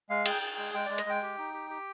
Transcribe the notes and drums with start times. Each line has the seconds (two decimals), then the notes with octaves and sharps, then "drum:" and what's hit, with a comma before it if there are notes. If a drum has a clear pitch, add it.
0.10 G#3 F5
0.26 G#4 G5, drum: cymbal
0.42 G#4
0.58 G#3
0.74 G#3 G5
0.86 G#3 D5
0.98 D#5, drum: hi-hat
1.05 G#3 G5
1.23 G4
1.38 D#4
1.53 G4
1.70 G4